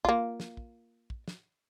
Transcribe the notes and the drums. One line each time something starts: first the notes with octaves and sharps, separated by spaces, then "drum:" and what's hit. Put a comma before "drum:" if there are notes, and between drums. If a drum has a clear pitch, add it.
A#3 F4, drum: kick
drum: snare
drum: kick
drum: kick
drum: snare